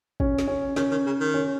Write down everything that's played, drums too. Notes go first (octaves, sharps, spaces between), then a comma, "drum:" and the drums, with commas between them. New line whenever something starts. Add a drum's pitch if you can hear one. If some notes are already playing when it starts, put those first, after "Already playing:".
C#4, drum: kick
drum: snare
C#4
D#3 C#4, drum: snare
D#3
C#3
D#3
C#4